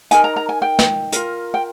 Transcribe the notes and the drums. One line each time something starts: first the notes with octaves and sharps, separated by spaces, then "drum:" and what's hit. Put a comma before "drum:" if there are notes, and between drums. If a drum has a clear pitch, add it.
D#4 A#4 G#5, drum: hi-hat
A#5
A#5
G#5
G5
drum: snare
F4 A#4, drum: hi-hat
G5